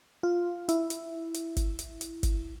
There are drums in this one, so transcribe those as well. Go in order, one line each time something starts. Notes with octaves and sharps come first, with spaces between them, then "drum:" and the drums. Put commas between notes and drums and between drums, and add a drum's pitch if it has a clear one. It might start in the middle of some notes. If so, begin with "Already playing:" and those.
F4
E4, drum: hi-hat
drum: hi-hat
drum: hi-hat
drum: kick, hi-hat
drum: hi-hat
drum: hi-hat
drum: kick, hi-hat